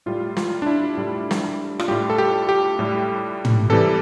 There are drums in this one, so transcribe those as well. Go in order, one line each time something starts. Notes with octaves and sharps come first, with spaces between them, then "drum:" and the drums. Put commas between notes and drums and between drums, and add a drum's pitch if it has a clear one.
A2 G3 F4
F4, drum: snare
D4
E4
A2 G3
drum: snare
F4, drum: rim click
A2 G3 G4
A4
G4
G4
A2 G3
drum: tom
C3 E3 G3 A4